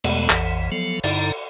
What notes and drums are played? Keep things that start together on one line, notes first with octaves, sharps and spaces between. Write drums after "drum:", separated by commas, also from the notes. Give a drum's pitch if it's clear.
E2 B2 G#3 A3 B3, drum: cymbal
A#1 F2 E3 F#5, drum: clap
F3 F#3 B3 A4
G2 D3 D#4 E4 A#5, drum: cymbal